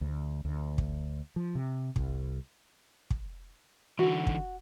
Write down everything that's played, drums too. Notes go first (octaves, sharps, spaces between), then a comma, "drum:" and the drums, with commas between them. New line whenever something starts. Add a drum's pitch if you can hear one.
D2
D2
drum: kick
F3
C3
C2, drum: kick
drum: kick
D3 E3 F#4
drum: kick